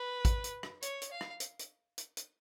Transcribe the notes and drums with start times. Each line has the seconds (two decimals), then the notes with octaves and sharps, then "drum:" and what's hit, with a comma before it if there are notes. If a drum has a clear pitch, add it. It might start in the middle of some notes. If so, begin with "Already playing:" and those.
Already playing: B4
0.25 drum: kick, hi-hat
0.44 drum: hi-hat
0.63 drum: rim click
0.82 C#5, drum: hi-hat
1.02 drum: hi-hat
1.12 F5
1.21 drum: rim click
1.40 drum: hi-hat
1.59 drum: hi-hat
1.98 drum: hi-hat
2.17 drum: hi-hat